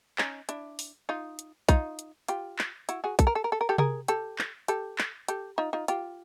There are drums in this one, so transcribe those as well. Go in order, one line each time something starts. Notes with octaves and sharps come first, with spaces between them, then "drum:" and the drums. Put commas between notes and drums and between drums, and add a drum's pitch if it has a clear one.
C#4 D#4, drum: clap
D4 E4, drum: hi-hat
drum: open hi-hat
D#4 F4
drum: hi-hat
D#4 F4, drum: kick, hi-hat
drum: hi-hat
F4 G4, drum: hi-hat
drum: clap
E4 F#4, drum: hi-hat
F#4 G#4
A4, drum: kick, hi-hat
A#4
A4
A#4
A4
A#4
G4 A4
G#4 A#4, drum: tom C3
G4 A4, drum: hi-hat
drum: clap
G4 A4, drum: hi-hat
drum: clap
G4 A4, drum: hi-hat
D#4 F4
D#4 F4
F4 G4, drum: hi-hat